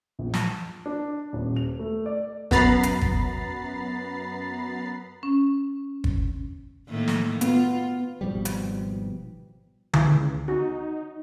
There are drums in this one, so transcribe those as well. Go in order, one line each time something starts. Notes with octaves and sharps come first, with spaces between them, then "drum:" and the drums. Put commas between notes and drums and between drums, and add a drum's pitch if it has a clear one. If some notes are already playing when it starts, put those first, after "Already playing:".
A#1
A5, drum: snare
D4
D#1
F7
A3
D5
F#2 B3 A#5 B5 A6 C7, drum: kick
drum: hi-hat
drum: kick
C#4
drum: kick
A2 D#3 A#3
drum: snare
B3 F4, drum: hi-hat
G#1 B2 F3 G3
drum: hi-hat
C#2 E3, drum: tom D3
D#4 F#4